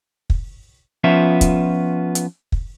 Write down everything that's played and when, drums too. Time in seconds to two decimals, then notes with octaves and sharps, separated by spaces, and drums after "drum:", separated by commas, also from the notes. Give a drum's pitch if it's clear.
0.30 drum: kick
1.04 F3 B3 C#4 F4 E5
1.41 drum: kick, hi-hat
2.15 drum: hi-hat
2.52 drum: kick